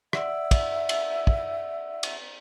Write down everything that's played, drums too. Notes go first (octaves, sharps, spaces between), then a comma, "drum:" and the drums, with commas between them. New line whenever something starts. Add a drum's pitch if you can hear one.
D5 E5 F#5 E6, drum: rim click
drum: kick, cymbal
drum: cymbal
drum: kick
drum: cymbal